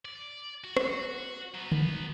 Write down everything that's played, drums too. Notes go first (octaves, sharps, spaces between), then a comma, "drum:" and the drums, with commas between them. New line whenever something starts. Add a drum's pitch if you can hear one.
D5
F#4
drum: rim click
F#3 B3
drum: tom D3